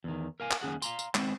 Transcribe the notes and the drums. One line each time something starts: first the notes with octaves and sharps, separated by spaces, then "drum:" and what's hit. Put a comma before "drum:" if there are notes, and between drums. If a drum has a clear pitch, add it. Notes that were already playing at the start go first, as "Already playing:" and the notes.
E2 D#3
A#4 F5 G#5
drum: clap
D#2 C#4 G#4 F#5
F5 A#5 C6, drum: tambourine
drum: tambourine
G#3 B3 C4 E4, drum: clap